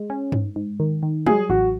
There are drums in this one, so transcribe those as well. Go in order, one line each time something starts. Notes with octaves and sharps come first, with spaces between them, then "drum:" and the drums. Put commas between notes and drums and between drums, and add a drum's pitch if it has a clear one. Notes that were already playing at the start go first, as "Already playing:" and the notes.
Already playing: G#3
C#4
G#2, drum: tom G2
G#2
D#3
D#3
F#3 G#4, drum: tom G3
A1 F#4